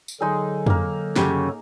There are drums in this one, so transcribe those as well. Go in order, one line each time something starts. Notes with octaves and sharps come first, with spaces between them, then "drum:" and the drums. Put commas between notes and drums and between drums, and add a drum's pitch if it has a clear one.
drum: tambourine
D3 F#3 G#3 D#4 G#4 A4
A#3 A#4, drum: tom F2
F#2 C#3 G4, drum: snare